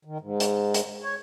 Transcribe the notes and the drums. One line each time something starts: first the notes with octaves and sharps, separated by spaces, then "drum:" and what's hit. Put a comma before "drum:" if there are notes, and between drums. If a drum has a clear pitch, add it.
D#3
G#2
drum: hi-hat
drum: hi-hat
C#5